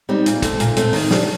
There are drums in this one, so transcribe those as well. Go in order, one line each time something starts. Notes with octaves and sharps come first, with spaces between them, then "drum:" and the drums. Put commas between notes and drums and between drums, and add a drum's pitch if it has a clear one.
G3 C4 D#4
A#2, drum: hi-hat
A3 C4, drum: kick, hi-hat
A#2, drum: hi-hat
A3 C4, drum: hi-hat
D#3, drum: open hi-hat
G3 D4, drum: snare